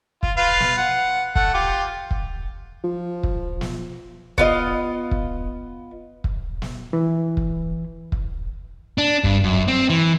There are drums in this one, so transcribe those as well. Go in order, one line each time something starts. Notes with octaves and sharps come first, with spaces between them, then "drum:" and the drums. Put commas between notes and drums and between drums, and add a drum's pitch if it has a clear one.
F4, drum: kick
F4 B4 F5
drum: snare
F#5
A3 F#5, drum: kick
F4 G4
drum: kick
F3
drum: kick
drum: snare
B3 F4 D#5, drum: kick
drum: kick
drum: kick
drum: snare
E3
drum: kick
drum: kick
D4
G2, drum: kick
F#2
C4
E3